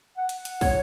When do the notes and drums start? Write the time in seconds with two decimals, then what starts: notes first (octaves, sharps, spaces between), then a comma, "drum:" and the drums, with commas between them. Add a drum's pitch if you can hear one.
0.17 F#5
0.29 drum: hi-hat
0.45 drum: hi-hat
0.61 C#5, drum: kick, open hi-hat